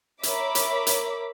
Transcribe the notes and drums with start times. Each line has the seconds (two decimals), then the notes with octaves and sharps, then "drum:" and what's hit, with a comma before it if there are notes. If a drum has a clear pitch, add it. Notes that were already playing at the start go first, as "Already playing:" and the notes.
0.23 A#4 C#5 E5 B5 D6, drum: hi-hat
0.55 drum: hi-hat
0.87 drum: hi-hat